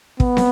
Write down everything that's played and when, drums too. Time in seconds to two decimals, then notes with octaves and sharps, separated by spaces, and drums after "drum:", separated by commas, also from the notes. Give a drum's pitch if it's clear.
0.20 B3, drum: kick
0.37 drum: snare